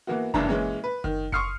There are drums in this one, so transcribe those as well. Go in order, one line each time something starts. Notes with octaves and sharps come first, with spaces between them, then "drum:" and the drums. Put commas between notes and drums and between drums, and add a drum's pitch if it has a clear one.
E3 A#3 B3 F#4
F#1 C#2 G2 E3 D4 A#5, drum: kick F#1
A#2 E3 G#3 C#4
B4
D#3, drum: kick F#1
C6 C#6 D#6 F6 C7 C#7, drum: kick F#1